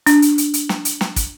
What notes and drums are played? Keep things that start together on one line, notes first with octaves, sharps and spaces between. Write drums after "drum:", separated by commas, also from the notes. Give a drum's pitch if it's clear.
D4, drum: hi-hat
drum: hi-hat
drum: hi-hat
drum: hi-hat
drum: snare
drum: hi-hat
drum: snare
drum: kick, hi-hat